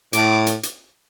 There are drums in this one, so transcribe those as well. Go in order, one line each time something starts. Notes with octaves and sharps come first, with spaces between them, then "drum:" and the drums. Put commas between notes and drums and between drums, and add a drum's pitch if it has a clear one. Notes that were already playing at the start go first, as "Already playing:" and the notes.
A2 D6, drum: hi-hat
drum: hi-hat
drum: hi-hat